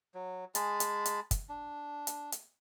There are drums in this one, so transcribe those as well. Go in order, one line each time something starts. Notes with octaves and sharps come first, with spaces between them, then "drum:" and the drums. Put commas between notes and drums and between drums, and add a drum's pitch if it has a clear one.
F#3
G#3 G#4 A5 B5, drum: hi-hat
drum: hi-hat
drum: hi-hat
drum: kick, hi-hat
D4
drum: hi-hat
drum: hi-hat